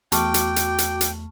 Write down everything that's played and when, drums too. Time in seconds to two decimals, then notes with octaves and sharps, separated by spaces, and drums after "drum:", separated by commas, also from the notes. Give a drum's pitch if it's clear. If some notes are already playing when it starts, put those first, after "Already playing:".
0.12 E2 A3 F#4 G5 A5 C#6 D6 F6, drum: hi-hat
0.34 drum: hi-hat
0.56 drum: hi-hat
0.78 drum: hi-hat
1.01 drum: hi-hat